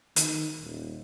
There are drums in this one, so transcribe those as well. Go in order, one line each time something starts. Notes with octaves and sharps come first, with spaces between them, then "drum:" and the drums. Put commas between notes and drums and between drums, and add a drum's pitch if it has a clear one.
D#3, drum: hi-hat
D#1